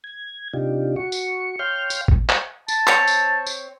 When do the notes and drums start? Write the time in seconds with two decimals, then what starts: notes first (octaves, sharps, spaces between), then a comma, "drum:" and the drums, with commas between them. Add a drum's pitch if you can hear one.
0.04 G#6
0.54 C3 D4 D#4 F4 G4
0.96 F#4 C#6
1.12 drum: tambourine
1.59 C#5 F5 G5 C6 F6 G6
1.90 drum: tambourine
2.08 A#2, drum: kick G#1
2.29 drum: clap
2.68 A5, drum: tambourine
2.87 C4 C#5, drum: clap
3.07 drum: tambourine
3.47 drum: tambourine